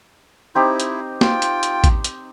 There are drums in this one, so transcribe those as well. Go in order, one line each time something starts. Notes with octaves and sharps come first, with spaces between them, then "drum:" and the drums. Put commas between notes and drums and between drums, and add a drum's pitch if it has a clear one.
C4 D#4 E4 G4
drum: hi-hat
F4 G5, drum: snare
drum: hi-hat
drum: hi-hat
drum: kick A1, hi-hat
drum: hi-hat